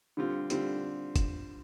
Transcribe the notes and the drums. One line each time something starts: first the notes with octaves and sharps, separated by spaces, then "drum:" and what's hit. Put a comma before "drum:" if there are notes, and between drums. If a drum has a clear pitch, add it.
D3 G3 C4 F4
D3 G3 C4 F4, drum: hi-hat
drum: kick G1, hi-hat